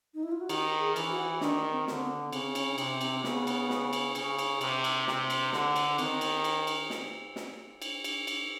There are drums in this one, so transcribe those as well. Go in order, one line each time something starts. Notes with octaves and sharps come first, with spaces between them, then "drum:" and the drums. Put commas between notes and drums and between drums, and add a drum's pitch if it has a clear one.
D#4
E4
F4
F#4
D#3 G4, drum: cymbal
G#4
E3, drum: cymbal
F#4
D#3 D4, drum: snare
C4
D3 C4, drum: snare
B3
C#3 C4, drum: cymbal
C#4, drum: cymbal
C3 C#4, drum: cymbal
C4, drum: cymbal
C#3 B3, drum: snare
drum: cymbal
drum: snare
drum: cymbal
C#3, drum: cymbal
drum: cymbal
C3, drum: cymbal
drum: cymbal
C3, drum: snare
drum: cymbal
D3, drum: snare
drum: cymbal
D#3 C4, drum: cymbal
C4, drum: cymbal
drum: cymbal
drum: cymbal
drum: snare
drum: snare
drum: cymbal
drum: cymbal
drum: cymbal